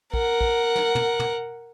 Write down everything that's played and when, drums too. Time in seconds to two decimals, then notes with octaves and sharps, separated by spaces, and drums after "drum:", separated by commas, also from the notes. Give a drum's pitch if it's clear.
0.14 A#4 F#5, drum: kick
0.41 drum: kick
0.76 drum: snare
0.95 drum: tom
1.19 drum: tom